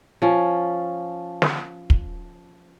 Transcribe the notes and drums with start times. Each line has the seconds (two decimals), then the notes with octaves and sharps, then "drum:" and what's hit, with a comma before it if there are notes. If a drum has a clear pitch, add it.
0.22 F3 C#4
1.42 drum: snare
1.90 drum: kick